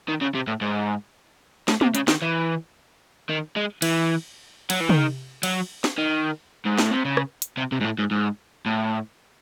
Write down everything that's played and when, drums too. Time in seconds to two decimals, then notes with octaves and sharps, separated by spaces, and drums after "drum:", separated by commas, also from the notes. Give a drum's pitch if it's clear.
0.08 D#3
0.21 C#3
0.35 C3
0.47 A2
0.61 G#2
1.68 A2, drum: snare
1.81 C3, drum: tom
1.95 C#3, drum: hi-hat
2.08 D#3, drum: snare
2.22 E3
3.29 D#3
3.56 G#3
3.82 E3, drum: cymbal
4.70 F#3, drum: cymbal
4.80 E3
4.89 D#3, drum: tom
5.43 F#3, drum: cymbal
5.84 drum: snare
5.98 D#3
6.65 G#2
6.78 A2, drum: snare
6.91 C3
7.05 C#3
7.17 drum: rim click
7.42 drum: hi-hat
7.57 C3
7.72 C3
7.81 G#2
7.84 A2
7.99 G#2
8.11 G#2
8.66 A2